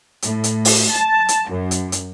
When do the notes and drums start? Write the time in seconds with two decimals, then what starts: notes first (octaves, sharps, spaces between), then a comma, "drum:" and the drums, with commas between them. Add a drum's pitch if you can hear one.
0.22 A2, drum: hi-hat
0.44 drum: hi-hat
0.65 drum: open hi-hat
0.91 A5
1.28 drum: hi-hat
1.47 F#2
1.71 drum: hi-hat
1.92 drum: hi-hat